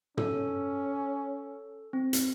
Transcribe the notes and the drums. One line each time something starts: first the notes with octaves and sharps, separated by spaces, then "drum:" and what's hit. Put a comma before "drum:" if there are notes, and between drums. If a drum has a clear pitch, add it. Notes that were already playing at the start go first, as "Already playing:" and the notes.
C#4 A4, drum: tom
C4
drum: hi-hat